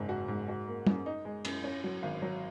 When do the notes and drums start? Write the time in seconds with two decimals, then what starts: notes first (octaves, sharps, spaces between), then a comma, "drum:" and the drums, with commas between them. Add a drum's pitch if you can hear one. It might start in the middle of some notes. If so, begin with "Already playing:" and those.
Already playing: F#1 G#2
0.09 F#4
0.28 G#2
0.48 F#4
0.67 A#3
0.87 F#2, drum: tom
1.06 D#4
1.25 G#3
1.45 F#2, drum: cymbal
1.64 C#4
1.84 F#3
2.03 G#1
2.22 F#3